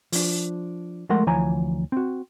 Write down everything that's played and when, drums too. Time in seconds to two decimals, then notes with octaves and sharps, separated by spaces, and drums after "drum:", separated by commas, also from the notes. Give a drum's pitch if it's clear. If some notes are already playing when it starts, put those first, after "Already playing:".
0.12 F3 D4, drum: open hi-hat
1.09 F3 G#3 A3 A#4 F#5 C6
1.27 D2 E3 F3 C#5 G#5 A#5
1.92 C4 F#4